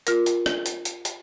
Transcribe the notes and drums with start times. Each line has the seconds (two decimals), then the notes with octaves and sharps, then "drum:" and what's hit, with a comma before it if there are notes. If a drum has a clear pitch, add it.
0.07 F4 A#4, drum: hi-hat
0.26 drum: hi-hat
0.46 drum: rim click
0.66 drum: hi-hat
0.85 drum: hi-hat
1.05 drum: hi-hat